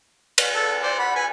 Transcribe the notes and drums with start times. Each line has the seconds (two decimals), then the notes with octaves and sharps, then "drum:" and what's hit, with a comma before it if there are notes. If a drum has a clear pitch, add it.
0.38 drum: cymbal
0.55 A4
0.83 C5 D5
0.99 F#5 B5
1.16 B4 G#5